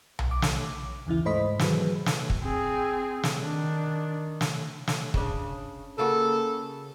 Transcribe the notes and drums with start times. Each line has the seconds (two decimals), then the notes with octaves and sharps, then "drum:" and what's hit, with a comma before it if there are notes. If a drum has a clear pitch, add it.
0.19 drum: tom B1
0.31 D6
0.42 drum: snare
1.07 D#2 C#3 E3 E4
1.25 G#2 A3 C5 D#5 B5 B6
1.59 D#3 E3 F#3 G#4 B4, drum: snare
2.06 drum: snare
2.30 drum: kick
2.42 C4 G#4
3.23 drum: snare
3.39 D#3 D4
4.41 drum: snare
4.87 drum: snare
5.14 C#3 D4, drum: kick
5.98 C#3 A#3 F#4 A4